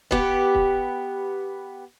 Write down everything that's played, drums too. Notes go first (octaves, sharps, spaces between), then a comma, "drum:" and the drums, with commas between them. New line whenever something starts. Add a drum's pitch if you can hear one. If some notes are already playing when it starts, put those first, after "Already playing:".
B3 G4, drum: kick
drum: kick